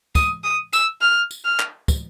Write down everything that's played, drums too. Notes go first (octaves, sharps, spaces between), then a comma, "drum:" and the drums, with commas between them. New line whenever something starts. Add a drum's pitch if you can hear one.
D#6, drum: kick, tambourine
D#6
E6, drum: tambourine
F6
drum: tambourine
F6
drum: clap
drum: kick, tambourine